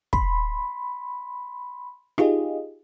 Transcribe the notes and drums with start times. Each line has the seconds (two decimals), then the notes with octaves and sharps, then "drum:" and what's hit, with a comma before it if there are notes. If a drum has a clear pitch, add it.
0.13 B5 C6, drum: kick
2.18 D#4 F4 G4 G#4 D#5, drum: rim click